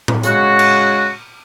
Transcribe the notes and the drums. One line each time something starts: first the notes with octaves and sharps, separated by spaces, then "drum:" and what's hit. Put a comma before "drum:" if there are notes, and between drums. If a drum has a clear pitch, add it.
drum: tom A2
C#3 G#3 F#4, drum: hi-hat
drum: cymbal